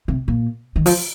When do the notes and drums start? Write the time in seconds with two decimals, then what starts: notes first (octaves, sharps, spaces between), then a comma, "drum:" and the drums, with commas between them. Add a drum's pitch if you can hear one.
0.08 C3
0.28 A#2
0.76 D#3
0.86 F3, drum: open hi-hat